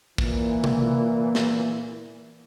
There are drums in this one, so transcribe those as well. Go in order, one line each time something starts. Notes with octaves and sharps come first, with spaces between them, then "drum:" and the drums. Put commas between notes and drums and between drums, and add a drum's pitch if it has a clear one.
A#2 E3, drum: kick
drum: tom C3
drum: snare